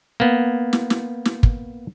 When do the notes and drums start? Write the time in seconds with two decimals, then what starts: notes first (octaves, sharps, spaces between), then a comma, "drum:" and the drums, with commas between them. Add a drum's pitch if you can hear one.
0.20 A#3 B3
0.73 drum: snare
0.90 drum: snare
1.25 drum: snare
1.43 drum: kick